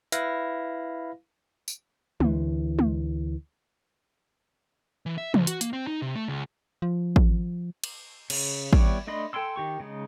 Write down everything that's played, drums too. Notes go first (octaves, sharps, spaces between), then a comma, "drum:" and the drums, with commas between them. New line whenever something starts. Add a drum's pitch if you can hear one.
E4 B4 F5 A#6, drum: hi-hat
drum: tambourine
D2 E3, drum: tom G#3
drum: tom G#3
E3
E5
C#2, drum: tom E3
F#4, drum: hi-hat
A#3, drum: hi-hat
C4
D#4
C3
A3
C#2
F3
drum: kick
drum: cymbal
C#3, drum: cymbal
G3 B3 E4 C#5 D5, drum: kick
A3 D4 D#5 B5 C6
A4 G5 G#5 C6 E6
D#3 G4 C#6
C#3 G#3 D#4